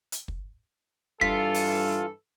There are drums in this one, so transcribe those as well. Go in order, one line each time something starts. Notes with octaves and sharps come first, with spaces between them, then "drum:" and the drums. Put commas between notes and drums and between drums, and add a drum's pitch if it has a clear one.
drum: hi-hat
drum: kick
G2 E3 F4 A4 B6, drum: kick
drum: open hi-hat